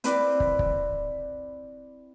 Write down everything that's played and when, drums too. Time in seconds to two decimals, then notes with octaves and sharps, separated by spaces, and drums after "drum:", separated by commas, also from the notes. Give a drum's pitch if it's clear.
0.04 C4 E4 B4 D5, drum: hi-hat
0.40 drum: kick
0.59 drum: kick